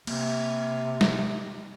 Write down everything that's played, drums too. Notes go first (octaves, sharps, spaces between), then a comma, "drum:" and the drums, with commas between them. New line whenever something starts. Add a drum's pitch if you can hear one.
C3 A#3, drum: cymbal
drum: snare